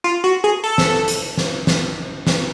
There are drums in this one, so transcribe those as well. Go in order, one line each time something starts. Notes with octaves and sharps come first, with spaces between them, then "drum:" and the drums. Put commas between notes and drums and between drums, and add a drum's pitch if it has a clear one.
F4
F#4
G#4
A4
drum: snare
drum: hi-hat
drum: snare
drum: snare
drum: snare